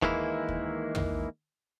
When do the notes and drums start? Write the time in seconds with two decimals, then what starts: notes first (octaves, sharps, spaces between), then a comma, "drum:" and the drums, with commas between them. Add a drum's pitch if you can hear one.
0.02 D#3 E3 G#3 A#3 E4, drum: kick
0.49 drum: kick
0.95 drum: tom